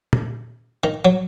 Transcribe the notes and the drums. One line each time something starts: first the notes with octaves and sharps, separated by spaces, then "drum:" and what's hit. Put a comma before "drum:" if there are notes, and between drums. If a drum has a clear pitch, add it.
drum: tom
D#3
F#3